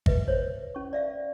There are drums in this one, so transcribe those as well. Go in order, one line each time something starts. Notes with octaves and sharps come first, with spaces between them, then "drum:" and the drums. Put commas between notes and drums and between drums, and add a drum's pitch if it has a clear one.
B4 D#5 E5, drum: kick
C5 C#5
C#4 C#6
D5 E5 F5